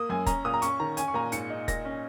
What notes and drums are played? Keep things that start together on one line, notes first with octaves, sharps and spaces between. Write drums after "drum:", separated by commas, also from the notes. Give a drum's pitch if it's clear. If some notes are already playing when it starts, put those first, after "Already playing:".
Already playing: A#3 D#6
F#2 G#5
C#4 A#5, drum: kick, hi-hat
A#2 D#6
A#5
C#4 C#6, drum: hi-hat
D#3 A#5
C#4 G#5, drum: hi-hat
C#6
A#2 A#5
G#2 C#7, drum: hi-hat
D#4
A#2 A#6, drum: kick, hi-hat
C#4